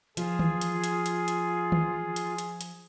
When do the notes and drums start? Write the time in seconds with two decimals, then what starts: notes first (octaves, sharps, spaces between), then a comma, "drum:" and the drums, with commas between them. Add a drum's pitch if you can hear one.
0.17 F3 F4 G#4, drum: hi-hat
0.39 drum: tom D#3
0.61 drum: hi-hat
0.84 drum: hi-hat
1.06 drum: hi-hat
1.28 drum: hi-hat
1.72 drum: tom D#3
2.16 drum: hi-hat
2.38 drum: hi-hat
2.61 drum: hi-hat